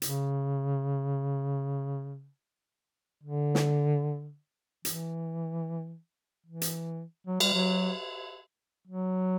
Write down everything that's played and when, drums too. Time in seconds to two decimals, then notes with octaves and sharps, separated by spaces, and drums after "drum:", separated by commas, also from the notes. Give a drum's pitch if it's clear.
0.02 C#3, drum: hi-hat
3.23 D3
3.55 drum: snare
4.85 E3, drum: hi-hat
6.46 E3
6.62 drum: hi-hat
7.27 F#3
7.40 G3, drum: cymbal
7.53 F#3
8.88 F#3